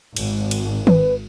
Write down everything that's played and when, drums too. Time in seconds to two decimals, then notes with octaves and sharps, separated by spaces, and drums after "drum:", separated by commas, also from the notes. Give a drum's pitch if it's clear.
0.16 G#1, drum: cymbal
0.51 drum: cymbal
0.87 B4, drum: tom D#3